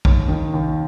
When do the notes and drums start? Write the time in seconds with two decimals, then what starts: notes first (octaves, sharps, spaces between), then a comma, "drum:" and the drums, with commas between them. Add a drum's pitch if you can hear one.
0.05 D#2, drum: kick
0.28 D#3
0.54 D#2